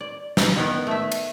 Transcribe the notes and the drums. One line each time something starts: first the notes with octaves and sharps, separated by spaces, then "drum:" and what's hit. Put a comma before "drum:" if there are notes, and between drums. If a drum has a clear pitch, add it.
D5
drum: snare
D#3 B3 A#4
A3 E5
drum: cymbal